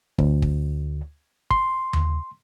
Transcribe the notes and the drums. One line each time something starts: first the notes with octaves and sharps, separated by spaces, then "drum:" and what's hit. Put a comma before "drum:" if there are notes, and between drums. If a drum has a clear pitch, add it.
D2, drum: kick
drum: kick
C6, drum: kick
drum: tom D#2